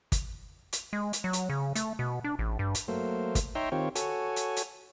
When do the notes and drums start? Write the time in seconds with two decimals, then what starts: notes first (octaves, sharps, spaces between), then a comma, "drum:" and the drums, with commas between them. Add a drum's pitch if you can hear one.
0.12 drum: kick, hi-hat
0.73 drum: hi-hat
0.93 G#3
1.13 drum: hi-hat
1.24 F#3
1.33 drum: hi-hat
1.50 C#3
1.75 A3, drum: hi-hat
1.99 B2
2.24 D4
2.39 A1
2.59 G2
2.75 drum: hi-hat
2.88 F#3 A3 A#3 C5
3.35 drum: kick, hi-hat
3.55 D#4 C#5 E5 G5 A#5 C6
3.72 D#3 C4 F4 G4 C#5
3.95 F#4 A4 C#5 G#5, drum: hi-hat
4.36 drum: hi-hat
4.56 drum: hi-hat